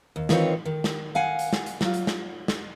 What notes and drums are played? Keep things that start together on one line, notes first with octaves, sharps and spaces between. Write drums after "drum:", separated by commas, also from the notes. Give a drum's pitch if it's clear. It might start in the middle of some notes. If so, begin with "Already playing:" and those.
D#2
D#3 E3 C4 D#4 F4 C#5, drum: snare
D#3
drum: snare
F5 F#5 G#5
drum: hi-hat
drum: snare
drum: hi-hat
F#3 F4, drum: snare
drum: hi-hat
drum: snare
drum: snare